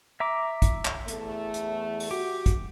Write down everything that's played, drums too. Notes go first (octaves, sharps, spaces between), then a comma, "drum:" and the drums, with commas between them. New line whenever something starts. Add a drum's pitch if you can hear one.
E5 A#5 D6
drum: kick, hi-hat
drum: clap
E2 A3, drum: hi-hat
drum: hi-hat
drum: open hi-hat
F#4 G4
drum: kick, hi-hat